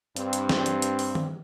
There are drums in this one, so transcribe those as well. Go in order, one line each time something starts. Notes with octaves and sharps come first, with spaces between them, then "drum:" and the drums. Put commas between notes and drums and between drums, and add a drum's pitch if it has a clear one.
G2 C4, drum: hi-hat
drum: hi-hat
drum: snare
drum: hi-hat
drum: hi-hat
drum: open hi-hat
drum: tom D#3